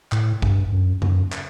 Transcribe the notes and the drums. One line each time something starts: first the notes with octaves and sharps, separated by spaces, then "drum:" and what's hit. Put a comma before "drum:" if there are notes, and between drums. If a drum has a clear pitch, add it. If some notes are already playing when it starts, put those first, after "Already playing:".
A2, drum: clap
G2, drum: kick
F#2
F#2, drum: tom C#3
drum: clap